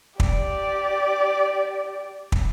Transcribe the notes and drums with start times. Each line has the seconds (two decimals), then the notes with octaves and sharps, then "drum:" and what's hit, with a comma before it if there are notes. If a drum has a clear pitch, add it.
0.20 G4 D5, drum: kick
2.32 drum: kick